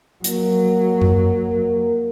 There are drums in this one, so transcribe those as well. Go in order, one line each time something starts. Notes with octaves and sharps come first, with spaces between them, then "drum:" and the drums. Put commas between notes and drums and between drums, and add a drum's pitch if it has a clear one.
F#3 A#3, drum: hi-hat
drum: tom F#2